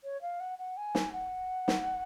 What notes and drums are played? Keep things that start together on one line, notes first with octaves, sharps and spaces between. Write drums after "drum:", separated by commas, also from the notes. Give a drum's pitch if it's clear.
C#5
F5
F#5
F#5
G#5
drum: snare
F#5
drum: snare